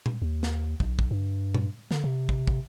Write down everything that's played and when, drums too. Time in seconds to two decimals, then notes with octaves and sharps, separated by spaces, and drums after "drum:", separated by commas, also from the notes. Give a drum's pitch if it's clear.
0.06 drum: tom A#2
0.22 D#2
0.43 drum: snare
0.80 B1, drum: kick
0.99 drum: kick
1.11 G2
1.54 drum: tom A#2
1.91 D3, drum: snare
2.04 C3
2.29 drum: kick
2.47 drum: kick